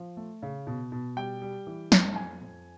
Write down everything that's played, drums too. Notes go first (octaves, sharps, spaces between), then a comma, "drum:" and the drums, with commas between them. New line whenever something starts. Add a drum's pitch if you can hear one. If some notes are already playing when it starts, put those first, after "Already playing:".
Already playing: F3
A3
C#3
B2
B2
G3 G5
G3
E3
F2, drum: snare
F2 G#5
F2